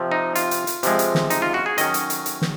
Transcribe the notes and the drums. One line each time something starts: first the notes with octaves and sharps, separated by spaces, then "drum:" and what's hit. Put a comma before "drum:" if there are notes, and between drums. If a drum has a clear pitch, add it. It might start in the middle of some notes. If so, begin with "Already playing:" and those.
Already playing: C3 F3 C4
D#4
F4, drum: hi-hat
drum: hi-hat
drum: hi-hat
C3 F3 G#3, drum: hi-hat
drum: hi-hat
drum: snare
D#4, drum: hi-hat
F4
F#4
G#4
D#3 F#3 C#4 D#5, drum: hi-hat
drum: hi-hat
drum: hi-hat
drum: hi-hat
drum: snare